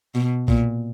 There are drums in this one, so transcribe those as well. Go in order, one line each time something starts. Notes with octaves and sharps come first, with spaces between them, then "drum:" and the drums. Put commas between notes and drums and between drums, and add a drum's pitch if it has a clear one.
B2
A#2, drum: kick